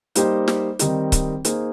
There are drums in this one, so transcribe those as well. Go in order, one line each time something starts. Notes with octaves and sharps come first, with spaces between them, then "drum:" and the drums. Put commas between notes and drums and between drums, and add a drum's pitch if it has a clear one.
G3 A#3 D#4 G4 C5, drum: hi-hat
drum: snare
D#3 G3 C4 D#4, drum: hi-hat
drum: kick C#1, hi-hat
A#3 D#4 G#4 C5, drum: hi-hat